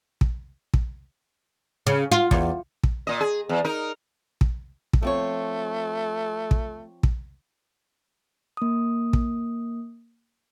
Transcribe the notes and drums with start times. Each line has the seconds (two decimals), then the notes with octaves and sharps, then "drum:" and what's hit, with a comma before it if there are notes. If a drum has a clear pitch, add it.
0.21 drum: kick
0.74 drum: kick
1.87 C#3
2.12 F4
2.31 E2, drum: kick
2.83 drum: kick
3.07 A#2 D#5
3.21 G#4
3.49 E2
3.65 D#4 A#4
4.41 drum: kick
4.93 drum: kick
5.02 F3 A3 C4 C#5
6.51 drum: kick
7.03 drum: kick
8.57 A#3 D#6
9.13 drum: kick